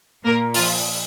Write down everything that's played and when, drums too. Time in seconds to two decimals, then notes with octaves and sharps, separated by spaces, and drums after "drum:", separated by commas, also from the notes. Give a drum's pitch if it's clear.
0.25 A#2 A#3 A#4
0.54 F3 F4, drum: open hi-hat